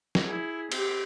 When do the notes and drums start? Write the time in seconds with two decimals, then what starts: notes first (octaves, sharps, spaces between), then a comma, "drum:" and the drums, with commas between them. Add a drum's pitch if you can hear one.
0.15 drum: snare
0.24 E4 G#4
0.72 C4 G4, drum: cymbal